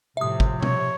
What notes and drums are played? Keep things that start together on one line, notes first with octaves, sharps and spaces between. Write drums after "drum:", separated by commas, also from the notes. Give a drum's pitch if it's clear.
A2 C3 F3 E5 D#6
drum: kick
C#5, drum: tom B2